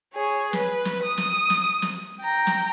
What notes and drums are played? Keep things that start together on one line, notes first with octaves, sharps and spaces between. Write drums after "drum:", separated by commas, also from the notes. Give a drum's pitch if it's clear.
G#4 C#5
B4, drum: snare
drum: snare
D#6
drum: snare
drum: snare
drum: snare
G5 A#5
drum: snare